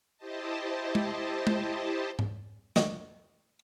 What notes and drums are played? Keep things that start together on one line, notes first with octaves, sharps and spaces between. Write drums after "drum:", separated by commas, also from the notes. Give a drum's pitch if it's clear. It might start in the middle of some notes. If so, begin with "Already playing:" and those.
E4 G4 C5 D#5 A5
drum: tom G#3
drum: tom G#3
drum: tom G#2
D3 F#3 D#5 C#6, drum: snare